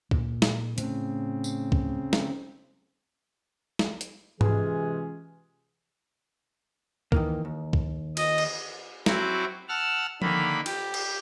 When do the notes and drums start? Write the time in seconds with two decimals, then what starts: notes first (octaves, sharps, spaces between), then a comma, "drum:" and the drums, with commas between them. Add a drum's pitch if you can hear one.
0.11 A#2 A#3, drum: kick
0.42 drum: snare
0.78 A2 C#3 C4, drum: hi-hat
1.44 drum: tambourine
1.72 drum: kick
2.13 drum: snare
3.79 drum: snare
4.01 drum: hi-hat
4.41 C3 E3 G#3 C#4 F4 G#4, drum: tom G#2
7.12 D#3 E3 A#3, drum: kick
7.45 D#2
7.73 drum: kick
8.17 D#5, drum: cymbal
8.38 drum: cymbal
9.06 F#3 C4 E4 F#4 D6, drum: snare
9.69 F#5 A5 E6 F6
10.22 D3 D#3 A#3 B5, drum: tom F3
10.66 G4, drum: cymbal
10.94 drum: cymbal